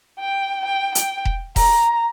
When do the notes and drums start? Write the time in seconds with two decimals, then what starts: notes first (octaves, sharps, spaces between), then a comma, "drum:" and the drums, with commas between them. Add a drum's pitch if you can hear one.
0.20 G5
0.65 G5
0.95 G5, drum: hi-hat
1.25 drum: kick E1
1.56 A#5, drum: kick E1, open hi-hat